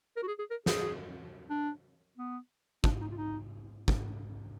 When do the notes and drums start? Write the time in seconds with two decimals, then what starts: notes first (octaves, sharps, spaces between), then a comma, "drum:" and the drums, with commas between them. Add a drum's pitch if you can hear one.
0.16 A#4
0.23 F#4
0.27 G#4
0.39 G#4
0.50 A#4
0.66 G#4, drum: snare
1.50 D4
2.17 B3
2.84 D4, drum: kick
3.01 D#4
3.11 F4
3.17 D#4
3.88 drum: kick